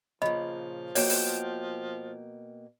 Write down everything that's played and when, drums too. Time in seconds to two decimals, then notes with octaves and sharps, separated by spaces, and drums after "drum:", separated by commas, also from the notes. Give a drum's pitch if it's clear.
0.22 A#2 C#3 F3 D#5 B5
0.95 B2 A#3 C#5 G5, drum: open hi-hat
1.09 drum: open hi-hat